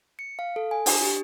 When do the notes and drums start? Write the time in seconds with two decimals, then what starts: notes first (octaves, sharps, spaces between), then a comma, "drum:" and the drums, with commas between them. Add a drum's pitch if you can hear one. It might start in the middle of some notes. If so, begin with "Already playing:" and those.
0.19 C#7
0.39 F5
0.56 A4
0.71 G#5
0.86 D4, drum: open hi-hat
1.02 G4